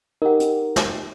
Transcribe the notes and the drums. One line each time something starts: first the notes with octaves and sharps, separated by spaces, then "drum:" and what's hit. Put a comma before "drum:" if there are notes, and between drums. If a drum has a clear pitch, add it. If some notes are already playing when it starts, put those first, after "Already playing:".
D#4 G4 A#4 F#5
drum: hi-hat
drum: snare